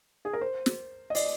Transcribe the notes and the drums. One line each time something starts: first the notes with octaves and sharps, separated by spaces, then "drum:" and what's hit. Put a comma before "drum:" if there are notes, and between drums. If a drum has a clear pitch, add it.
G#4
A#4
C5
drum: snare
D#5
D5, drum: open hi-hat